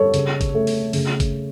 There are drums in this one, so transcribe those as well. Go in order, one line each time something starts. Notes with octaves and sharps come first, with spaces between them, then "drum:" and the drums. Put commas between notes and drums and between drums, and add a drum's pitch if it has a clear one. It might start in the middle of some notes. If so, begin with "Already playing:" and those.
Already playing: G3 A4 C#5
C#3, drum: hi-hat
drum: kick, hi-hat
A3
drum: open hi-hat
C#3, drum: open hi-hat
drum: kick, hi-hat